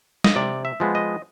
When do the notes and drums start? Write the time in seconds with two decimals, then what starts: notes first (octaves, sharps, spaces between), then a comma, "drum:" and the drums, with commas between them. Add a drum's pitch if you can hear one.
0.24 D#5, drum: snare
0.36 C3 D5
0.65 E5
0.80 F3 G#3 B3
0.95 D#5